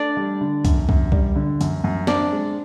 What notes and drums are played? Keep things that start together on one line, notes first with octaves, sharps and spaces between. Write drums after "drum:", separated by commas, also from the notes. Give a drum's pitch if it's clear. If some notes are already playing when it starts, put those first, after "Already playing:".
Already playing: A3 D4 D5
G3
D3
F#2, drum: kick C2, hi-hat
F#2, drum: kick C2
G3, drum: kick C2
D3
F#2, drum: hi-hat
F#2
C4 D4 D5, drum: snare
G#3